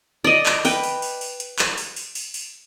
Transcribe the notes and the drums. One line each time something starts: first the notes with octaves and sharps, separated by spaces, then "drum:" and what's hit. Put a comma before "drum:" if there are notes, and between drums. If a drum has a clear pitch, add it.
D5 D#5
drum: clap
B4 G5, drum: open hi-hat
drum: open hi-hat
drum: open hi-hat
drum: open hi-hat
drum: hi-hat
drum: clap
drum: open hi-hat
drum: open hi-hat
drum: open hi-hat
drum: open hi-hat